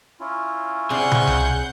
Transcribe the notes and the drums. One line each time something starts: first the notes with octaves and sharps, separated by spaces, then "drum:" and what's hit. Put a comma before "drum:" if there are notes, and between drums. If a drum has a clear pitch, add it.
C#4 E4 F4
C3 G#4 D5 F#5 G6
drum: tom
drum: tom